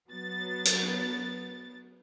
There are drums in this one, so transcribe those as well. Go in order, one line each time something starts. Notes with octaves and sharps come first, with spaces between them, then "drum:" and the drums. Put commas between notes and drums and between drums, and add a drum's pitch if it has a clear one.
F#3 B3 A6
drum: hi-hat